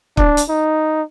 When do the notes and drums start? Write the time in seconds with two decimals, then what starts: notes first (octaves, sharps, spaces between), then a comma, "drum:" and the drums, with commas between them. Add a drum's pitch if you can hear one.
0.17 D4, drum: kick
0.37 drum: hi-hat
0.49 D#4